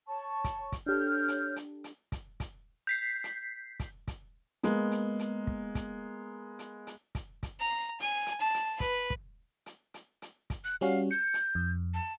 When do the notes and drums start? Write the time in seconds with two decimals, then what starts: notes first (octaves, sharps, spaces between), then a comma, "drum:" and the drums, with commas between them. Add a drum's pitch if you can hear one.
0.08 C#5 A5 C#6
0.44 drum: kick, hi-hat
0.72 drum: kick, hi-hat
0.86 D4 G4 A4 C#5 F6 G6
1.28 drum: hi-hat
1.56 drum: hi-hat
1.84 drum: hi-hat
2.12 drum: kick, hi-hat
2.40 drum: kick, hi-hat
2.87 G6 B6 C7
3.24 drum: hi-hat
3.80 drum: kick, hi-hat
4.08 drum: kick, hi-hat
4.63 G#3 A#3 B3, drum: hi-hat
4.91 drum: hi-hat
5.19 drum: hi-hat
5.47 drum: kick
5.75 drum: kick, hi-hat
6.59 drum: hi-hat
6.87 drum: hi-hat
7.15 drum: kick, hi-hat
7.43 drum: kick, hi-hat
7.60 A#5
8.00 G#5, drum: hi-hat
8.27 drum: hi-hat
8.40 A5
8.54 drum: hi-hat
8.80 B4, drum: kick, hi-hat
9.10 drum: kick
9.66 drum: hi-hat
9.94 drum: hi-hat
10.22 drum: hi-hat
10.50 drum: kick, hi-hat
10.64 F#6
10.81 G3 C#4 F#4 F5
11.11 G6 C#7
11.34 drum: hi-hat
11.55 F2
11.94 A5